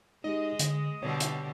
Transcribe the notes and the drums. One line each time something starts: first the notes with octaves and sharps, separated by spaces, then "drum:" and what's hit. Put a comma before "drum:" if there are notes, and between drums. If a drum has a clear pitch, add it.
G#3 D#4 G4 D#5
D3, drum: hi-hat
B2 D3 G3 C#5
drum: hi-hat